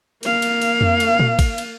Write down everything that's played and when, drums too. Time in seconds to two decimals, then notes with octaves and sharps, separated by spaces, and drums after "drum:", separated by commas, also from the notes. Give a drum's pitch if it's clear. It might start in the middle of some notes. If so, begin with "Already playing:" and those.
0.23 A#3 F5, drum: cymbal
0.42 drum: cymbal
0.62 drum: cymbal
0.81 drum: tom F2
1.00 drum: cymbal
1.19 drum: tom A#2
1.39 drum: kick, cymbal
1.58 drum: cymbal